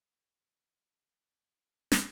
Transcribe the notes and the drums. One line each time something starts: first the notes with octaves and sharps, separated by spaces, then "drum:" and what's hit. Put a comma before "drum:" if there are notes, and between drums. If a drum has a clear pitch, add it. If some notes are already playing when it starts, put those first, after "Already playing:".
Already playing: B5
A3
C3
E2
A#3 C6
drum: snare